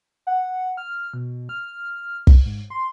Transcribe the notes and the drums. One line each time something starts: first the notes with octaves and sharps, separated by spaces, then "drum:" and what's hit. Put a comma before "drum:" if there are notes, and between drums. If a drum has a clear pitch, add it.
F#5
F6
B2
F6
drum: kick
G#2
C6